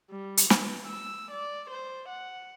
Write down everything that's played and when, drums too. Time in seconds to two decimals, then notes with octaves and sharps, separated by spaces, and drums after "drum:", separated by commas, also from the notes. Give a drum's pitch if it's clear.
0.10 G3
0.37 drum: hi-hat
0.50 E3, drum: snare
0.87 E6
1.32 D5
1.70 C5
2.10 F#5